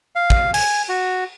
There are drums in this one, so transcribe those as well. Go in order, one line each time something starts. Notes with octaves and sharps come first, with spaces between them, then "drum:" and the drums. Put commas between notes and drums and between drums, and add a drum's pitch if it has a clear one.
F5
drum: kick
G#5, drum: cymbal
F#4